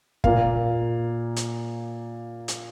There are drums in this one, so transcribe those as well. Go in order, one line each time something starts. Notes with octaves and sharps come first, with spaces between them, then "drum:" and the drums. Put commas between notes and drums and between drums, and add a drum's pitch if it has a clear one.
A#2 A#3 F5, drum: kick
drum: hi-hat
drum: hi-hat